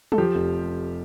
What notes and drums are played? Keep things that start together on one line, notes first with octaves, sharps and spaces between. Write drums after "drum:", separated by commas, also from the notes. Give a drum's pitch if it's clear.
A4, drum: tom F#3
F3 G4
F1